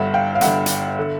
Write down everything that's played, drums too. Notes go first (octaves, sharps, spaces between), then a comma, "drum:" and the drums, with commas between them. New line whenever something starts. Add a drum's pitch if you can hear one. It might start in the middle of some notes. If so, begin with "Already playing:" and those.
Already playing: G1 G2 D3 E5 F#5
F5 G5
F5
G1 G2 D3 E5 F#5, drum: hi-hat
drum: hi-hat
D3